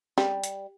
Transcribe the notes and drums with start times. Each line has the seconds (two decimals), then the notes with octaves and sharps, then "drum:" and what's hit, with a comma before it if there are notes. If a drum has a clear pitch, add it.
0.18 G3, drum: snare
0.44 drum: hi-hat